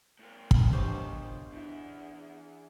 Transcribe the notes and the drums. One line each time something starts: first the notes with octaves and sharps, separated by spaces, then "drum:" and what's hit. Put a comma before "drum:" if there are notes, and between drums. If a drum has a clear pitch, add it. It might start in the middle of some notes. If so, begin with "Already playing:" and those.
A2 A#4
drum: kick
B3 C#4 D4 G4 C5 D#5 A5
E2 D4 E4 E5